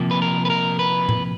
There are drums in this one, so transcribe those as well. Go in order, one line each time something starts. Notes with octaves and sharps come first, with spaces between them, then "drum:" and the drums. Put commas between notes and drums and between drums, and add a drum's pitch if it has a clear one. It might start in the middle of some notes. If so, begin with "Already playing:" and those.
Already playing: C3 F3 A#3
B4
A#4
B4
A#4
B4
drum: tom A2